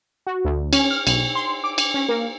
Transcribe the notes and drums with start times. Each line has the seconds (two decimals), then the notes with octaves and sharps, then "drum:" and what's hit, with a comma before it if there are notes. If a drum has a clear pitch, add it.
0.27 F#4
0.45 D2
0.73 C#4, drum: cymbal
0.91 F6
1.07 B1, drum: cymbal
1.35 C6
1.64 D6
1.78 drum: cymbal
1.94 C#4
2.09 A#3